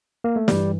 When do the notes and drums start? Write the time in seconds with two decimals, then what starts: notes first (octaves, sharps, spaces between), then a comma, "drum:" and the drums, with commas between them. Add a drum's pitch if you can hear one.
0.24 A#3
0.36 A3
0.48 G2 E3 G3, drum: snare